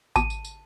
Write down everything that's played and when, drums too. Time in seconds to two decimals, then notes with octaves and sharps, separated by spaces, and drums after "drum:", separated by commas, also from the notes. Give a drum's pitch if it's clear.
0.16 A5, drum: kick G#1, tambourine
0.30 drum: tambourine
0.45 drum: tambourine